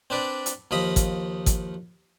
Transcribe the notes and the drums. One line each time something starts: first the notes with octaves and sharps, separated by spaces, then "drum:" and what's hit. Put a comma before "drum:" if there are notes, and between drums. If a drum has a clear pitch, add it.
C4 D4 B4 D5
drum: hi-hat
D#2 F3 D#5 B5 D#6
drum: kick, hi-hat
drum: kick, hi-hat